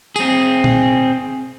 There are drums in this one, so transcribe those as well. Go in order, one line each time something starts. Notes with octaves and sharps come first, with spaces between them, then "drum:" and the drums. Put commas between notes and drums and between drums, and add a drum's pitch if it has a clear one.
C4 G#4, drum: tambourine
drum: tom A#2